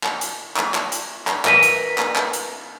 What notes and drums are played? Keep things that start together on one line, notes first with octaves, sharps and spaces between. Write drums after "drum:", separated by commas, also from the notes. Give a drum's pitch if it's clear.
drum: clap
drum: hi-hat
drum: clap
drum: clap
drum: hi-hat
drum: clap
A#4 B4 E5, drum: clap
drum: hi-hat
drum: clap
drum: clap
drum: hi-hat